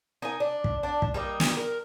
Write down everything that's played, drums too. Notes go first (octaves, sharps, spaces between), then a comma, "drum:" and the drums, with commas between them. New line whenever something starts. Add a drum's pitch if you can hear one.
D#4 A#4 G#5
D4
drum: kick
D4 D5
drum: kick
G3 A#3 D#4
drum: snare
A#4